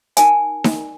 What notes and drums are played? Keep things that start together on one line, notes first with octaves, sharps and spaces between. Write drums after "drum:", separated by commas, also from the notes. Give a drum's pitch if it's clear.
D#4 A#4 G#5, drum: hi-hat
drum: snare D#4